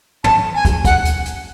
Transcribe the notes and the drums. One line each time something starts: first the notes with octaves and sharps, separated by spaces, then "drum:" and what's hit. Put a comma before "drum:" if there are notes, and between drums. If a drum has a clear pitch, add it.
A5, drum: tom
G#5
drum: kick, hi-hat
F#5, drum: kick, hi-hat
drum: hi-hat
drum: hi-hat